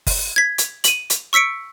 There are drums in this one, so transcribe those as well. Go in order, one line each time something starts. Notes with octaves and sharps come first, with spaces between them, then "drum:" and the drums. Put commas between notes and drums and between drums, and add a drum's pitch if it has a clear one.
drum: kick G1, open hi-hat
G#6 B6
drum: hi-hat
D#7 F#7, drum: hi-hat
drum: hi-hat
C#6 E6 B6 C#7 D7